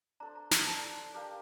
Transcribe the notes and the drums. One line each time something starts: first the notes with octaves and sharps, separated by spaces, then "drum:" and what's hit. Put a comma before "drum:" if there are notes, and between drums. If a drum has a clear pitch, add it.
D4 A4 C5 A#5
A#5
A#5, drum: snare
D4 A4 C5 A5
D4 G4 A#4 F5